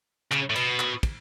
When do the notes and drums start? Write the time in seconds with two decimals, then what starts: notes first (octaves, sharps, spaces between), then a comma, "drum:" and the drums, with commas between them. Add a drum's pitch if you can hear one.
0.32 C#3, drum: clap
0.50 A2
0.56 B2, drum: cymbal
0.80 drum: clap
1.03 drum: kick, cymbal